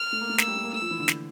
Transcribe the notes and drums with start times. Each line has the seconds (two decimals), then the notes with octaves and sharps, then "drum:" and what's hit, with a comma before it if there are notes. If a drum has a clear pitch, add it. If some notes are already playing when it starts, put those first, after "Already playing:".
Already playing: F6
0.13 A3
0.21 A#3
0.29 A3
0.38 A#3 E6, drum: snare
0.48 G3
0.56 A3
0.64 A#3
0.73 A3 E6
0.82 F3
0.91 E3
0.99 D3
1.08 E3, drum: snare